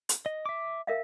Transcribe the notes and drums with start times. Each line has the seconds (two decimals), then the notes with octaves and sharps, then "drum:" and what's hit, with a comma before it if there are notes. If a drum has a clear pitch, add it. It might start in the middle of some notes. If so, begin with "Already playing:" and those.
0.09 drum: hi-hat
0.26 D#5
0.46 E5 D6
0.87 A#4 E5 F5